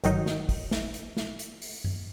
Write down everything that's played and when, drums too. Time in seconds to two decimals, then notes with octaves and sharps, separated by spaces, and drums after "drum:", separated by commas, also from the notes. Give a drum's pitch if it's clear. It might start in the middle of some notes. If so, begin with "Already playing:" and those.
0.04 G1 D#3 F#3 D#4, drum: hi-hat
0.26 drum: snare
0.49 drum: kick, open hi-hat
0.71 drum: snare
0.94 drum: hi-hat
1.17 drum: snare
1.39 drum: hi-hat
1.62 drum: open hi-hat
1.84 drum: tom F#2